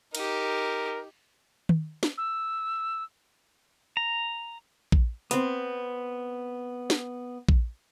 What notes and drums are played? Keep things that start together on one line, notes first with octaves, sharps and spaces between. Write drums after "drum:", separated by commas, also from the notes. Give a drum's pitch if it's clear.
D#4 G4 A#4, drum: cymbal
drum: tom D#3
drum: snare
E6
A#5
drum: kick A#1
B3 C4, drum: hi-hat
drum: snare
drum: kick A#1